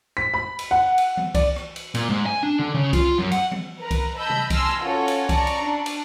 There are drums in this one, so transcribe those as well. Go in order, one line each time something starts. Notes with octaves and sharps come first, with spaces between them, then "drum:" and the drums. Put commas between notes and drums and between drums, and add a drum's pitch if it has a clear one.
B6
B5
drum: cymbal
F#5
drum: cymbal
drum: tom F3
D5, drum: kick C2, cymbal
drum: rim click
drum: cymbal
A#2, drum: cymbal
G#2
G#5
D4
D3
C#3
F4, drum: kick C2, cymbal
F#2
F#5, drum: cymbal
drum: tom F3
A#4 B4 A#5
drum: kick C2, cymbal
D#5 A5 B5 E6 G6
drum: tom C3
G#5 A5 C6 E6 F6 A#6, drum: kick C2, cymbal
drum: rim click
C#4 F4 F#4 A4 C#5
drum: cymbal
D5 A5 A#5 C#6, drum: kick C2, cymbal
drum: cymbal
D4
drum: cymbal